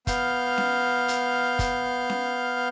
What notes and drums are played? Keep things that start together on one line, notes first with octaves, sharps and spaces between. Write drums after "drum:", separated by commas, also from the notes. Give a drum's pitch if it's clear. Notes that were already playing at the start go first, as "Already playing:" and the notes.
B3 F5 F6 G6, drum: kick, hi-hat
drum: snare C#4
drum: hi-hat
drum: kick, hi-hat
drum: snare C#4